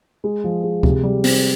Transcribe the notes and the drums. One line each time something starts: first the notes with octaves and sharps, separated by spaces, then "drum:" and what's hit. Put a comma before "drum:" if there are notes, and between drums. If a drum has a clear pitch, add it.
G#3
F3
G#3
C3, drum: kick D2
G3
C4, drum: open hi-hat